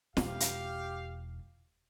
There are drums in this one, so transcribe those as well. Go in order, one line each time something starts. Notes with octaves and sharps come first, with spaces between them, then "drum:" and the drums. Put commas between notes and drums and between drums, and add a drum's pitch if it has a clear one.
E1 F4 G4 F5, drum: snare
drum: hi-hat